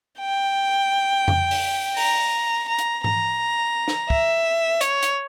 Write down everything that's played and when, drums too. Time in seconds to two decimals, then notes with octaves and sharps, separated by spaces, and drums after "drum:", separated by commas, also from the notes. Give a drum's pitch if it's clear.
0.20 G5
1.28 drum: tom F2
1.51 drum: open hi-hat
1.97 A#5, drum: open hi-hat
2.68 A#5
2.79 drum: hi-hat
3.04 A#5, drum: tom G#2
3.88 drum: snare
4.10 E5, drum: kick
4.81 C#5, drum: hi-hat
5.03 drum: hi-hat